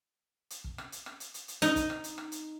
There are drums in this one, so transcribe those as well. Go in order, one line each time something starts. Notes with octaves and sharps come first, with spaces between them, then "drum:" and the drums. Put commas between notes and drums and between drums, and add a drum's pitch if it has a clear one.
drum: hi-hat
drum: kick
drum: rim click
drum: hi-hat
drum: rim click
drum: hi-hat
drum: hi-hat
drum: hi-hat
D#4, drum: hi-hat
drum: kick, hi-hat
drum: rim click
drum: hi-hat
drum: rim click
drum: hi-hat